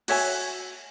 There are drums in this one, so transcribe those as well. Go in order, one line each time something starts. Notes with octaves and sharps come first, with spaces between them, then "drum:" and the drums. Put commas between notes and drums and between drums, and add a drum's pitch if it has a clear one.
F#4 C#5 E5 G#5, drum: cymbal